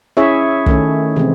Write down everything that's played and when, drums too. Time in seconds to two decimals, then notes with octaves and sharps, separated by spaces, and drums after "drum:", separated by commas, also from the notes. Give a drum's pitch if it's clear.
0.17 C#4 E4 G#4 C#5 E5
0.66 D#3 A3 C#4, drum: kick
1.16 C3 E3 G#3 C4